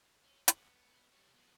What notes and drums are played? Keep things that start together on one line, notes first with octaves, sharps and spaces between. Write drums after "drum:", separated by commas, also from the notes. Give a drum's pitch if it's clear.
C#4
B3, drum: hi-hat
G3 C#5
F3 B3